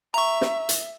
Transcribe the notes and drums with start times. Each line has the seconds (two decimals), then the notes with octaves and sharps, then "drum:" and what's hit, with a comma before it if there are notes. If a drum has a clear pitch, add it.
0.14 E5 A#5 C#6
0.41 drum: snare
0.69 drum: hi-hat